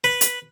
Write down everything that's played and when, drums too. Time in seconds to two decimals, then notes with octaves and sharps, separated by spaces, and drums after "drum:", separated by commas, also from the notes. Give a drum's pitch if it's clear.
0.04 B4
0.21 drum: hi-hat